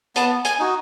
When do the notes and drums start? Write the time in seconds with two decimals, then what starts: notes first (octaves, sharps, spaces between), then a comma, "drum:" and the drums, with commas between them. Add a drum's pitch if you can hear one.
0.16 B3 A5, drum: hi-hat
0.45 G#5, drum: hi-hat
0.59 D#4 F#4